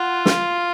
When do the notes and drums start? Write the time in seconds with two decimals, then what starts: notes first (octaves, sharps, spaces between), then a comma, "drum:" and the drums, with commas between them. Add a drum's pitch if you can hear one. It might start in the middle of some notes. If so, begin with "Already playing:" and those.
Already playing: F4 F#5
0.26 F5, drum: snare